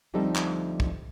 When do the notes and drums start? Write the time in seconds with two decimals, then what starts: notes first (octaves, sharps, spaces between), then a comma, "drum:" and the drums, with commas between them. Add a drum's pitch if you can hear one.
0.14 D2 F3 G3 C4 D#4 A4
0.36 drum: clap
0.80 drum: kick